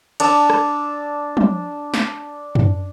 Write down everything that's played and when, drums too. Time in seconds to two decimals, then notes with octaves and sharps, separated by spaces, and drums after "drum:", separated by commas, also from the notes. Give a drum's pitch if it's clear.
0.20 D4 A5 E6, drum: cymbal
0.50 drum: rim click
1.37 drum: tom
1.94 drum: snare
2.55 drum: tom F#2